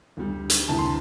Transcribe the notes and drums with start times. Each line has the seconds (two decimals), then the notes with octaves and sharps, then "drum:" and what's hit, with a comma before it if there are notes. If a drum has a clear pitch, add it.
0.17 D2 D3 G3
0.50 drum: hi-hat
0.68 D2 C3 E3 A5
0.78 C6